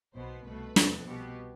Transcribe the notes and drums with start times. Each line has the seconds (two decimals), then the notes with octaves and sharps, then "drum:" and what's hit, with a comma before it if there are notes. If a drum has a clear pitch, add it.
0.14 B1 B2 B3 C5
0.45 C2 B2 A3 B4
0.76 E2 C3 F3 A3, drum: snare
1.07 C2 B2 B3 G4